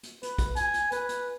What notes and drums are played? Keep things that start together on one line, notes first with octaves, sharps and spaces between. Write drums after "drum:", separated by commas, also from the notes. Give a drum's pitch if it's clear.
drum: hi-hat
B4, drum: hi-hat
drum: kick, hi-hat
G#5, drum: hi-hat
drum: hi-hat
B4, drum: hi-hat
drum: hi-hat